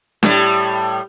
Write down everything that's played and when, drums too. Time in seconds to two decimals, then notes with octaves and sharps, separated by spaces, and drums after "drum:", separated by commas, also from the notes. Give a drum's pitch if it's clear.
0.23 A2 G3, drum: snare D4